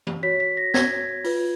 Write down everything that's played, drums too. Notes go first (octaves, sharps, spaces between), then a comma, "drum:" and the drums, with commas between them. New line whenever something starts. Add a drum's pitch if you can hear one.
drum: tom E3
F#4 C#5 B6
B6
A#6
G#6, drum: snare
F4 B4, drum: open hi-hat